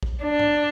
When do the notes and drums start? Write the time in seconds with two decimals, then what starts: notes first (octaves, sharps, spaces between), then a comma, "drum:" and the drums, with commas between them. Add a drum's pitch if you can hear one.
0.03 drum: kick
0.24 D4
0.39 drum: tom G#2